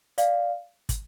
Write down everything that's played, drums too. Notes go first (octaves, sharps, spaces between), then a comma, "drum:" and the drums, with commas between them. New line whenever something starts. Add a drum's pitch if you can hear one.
D5 F5, drum: hi-hat
drum: kick, hi-hat